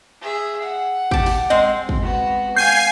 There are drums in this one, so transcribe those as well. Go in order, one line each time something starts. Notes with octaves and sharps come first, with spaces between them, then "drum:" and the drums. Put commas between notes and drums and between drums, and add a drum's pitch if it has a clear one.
G#4 E5
F#5
G4 A5, drum: kick
drum: open hi-hat
G#3 C4 D#5
drum: kick
B3 F#4
F5 G5 G#5 G6 C7